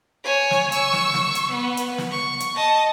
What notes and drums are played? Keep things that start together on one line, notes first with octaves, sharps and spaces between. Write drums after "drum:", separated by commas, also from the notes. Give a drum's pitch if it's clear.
C#5 G#5
drum: snare
C#6 E6, drum: hi-hat
drum: snare
drum: snare
drum: hi-hat
B3
drum: hi-hat
drum: snare
C#6
drum: hi-hat
D#5 A5